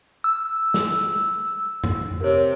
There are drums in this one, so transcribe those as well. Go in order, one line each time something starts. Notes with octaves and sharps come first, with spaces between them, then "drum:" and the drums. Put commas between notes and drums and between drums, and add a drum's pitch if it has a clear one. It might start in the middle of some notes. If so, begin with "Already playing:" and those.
E6
drum: snare
drum: tom F2
C3 A#4 C#5